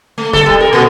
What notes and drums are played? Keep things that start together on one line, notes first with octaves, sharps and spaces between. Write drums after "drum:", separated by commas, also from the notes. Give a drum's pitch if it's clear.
A3
A4, drum: snare
G3
A#4
A#2